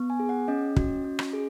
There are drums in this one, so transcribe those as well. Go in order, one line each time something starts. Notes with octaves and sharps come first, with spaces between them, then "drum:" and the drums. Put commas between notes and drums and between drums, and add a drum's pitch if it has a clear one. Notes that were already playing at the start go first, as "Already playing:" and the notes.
Already playing: B3
G#5
G#4
F#5
C#4 D#5
F#4, drum: kick
C#4
drum: rim click
G#4